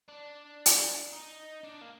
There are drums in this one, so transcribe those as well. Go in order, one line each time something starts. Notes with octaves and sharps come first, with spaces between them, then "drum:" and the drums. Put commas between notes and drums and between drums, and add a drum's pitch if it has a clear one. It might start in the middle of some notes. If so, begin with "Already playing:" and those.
D4
drum: hi-hat
D#4
D4
A#3